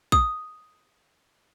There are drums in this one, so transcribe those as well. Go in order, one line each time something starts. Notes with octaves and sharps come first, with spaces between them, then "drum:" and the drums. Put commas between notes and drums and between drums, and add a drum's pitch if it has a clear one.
D#6, drum: kick